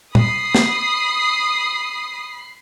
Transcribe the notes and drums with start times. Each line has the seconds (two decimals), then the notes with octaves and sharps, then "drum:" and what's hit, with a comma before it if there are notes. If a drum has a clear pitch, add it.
0.15 B5 D#6 C7, drum: tom A#2
0.55 drum: snare